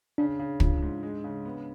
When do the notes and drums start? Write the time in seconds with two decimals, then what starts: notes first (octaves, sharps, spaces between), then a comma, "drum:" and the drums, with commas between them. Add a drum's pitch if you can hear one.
0.18 C#3 D4
0.39 C#3
0.60 F3, drum: kick
0.82 G#2
1.03 G#3
1.24 C#3
1.45 B3